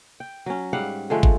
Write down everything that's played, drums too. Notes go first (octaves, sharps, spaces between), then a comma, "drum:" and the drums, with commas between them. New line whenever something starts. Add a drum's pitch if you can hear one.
G5
F#3 C#4
G#2 G3 F5 F#5
D3 F3 G#3 A3
drum: kick